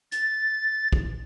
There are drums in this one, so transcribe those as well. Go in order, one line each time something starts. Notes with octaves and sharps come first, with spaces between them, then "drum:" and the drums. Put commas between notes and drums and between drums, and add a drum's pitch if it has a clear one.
A6, drum: hi-hat
drum: kick